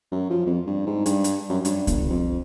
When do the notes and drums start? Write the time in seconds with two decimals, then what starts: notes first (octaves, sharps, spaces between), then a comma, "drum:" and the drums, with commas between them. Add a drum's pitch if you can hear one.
0.12 F#2
0.30 F3
0.46 F2
0.67 G2
0.87 G#2
1.06 G2, drum: hi-hat
1.24 drum: hi-hat
1.49 F#2
1.65 G2, drum: hi-hat
1.87 G1, drum: kick C2, hi-hat
2.10 F2